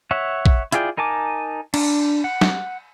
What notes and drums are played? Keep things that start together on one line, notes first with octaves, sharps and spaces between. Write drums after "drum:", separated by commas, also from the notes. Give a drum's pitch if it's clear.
C#5 E5 F#5
drum: kick A#1
E4 F4 G#4 D5 G5, drum: hi-hat
D#4 A#4 G#5 A5 D6
D4, drum: cymbal
F#5
drum: snare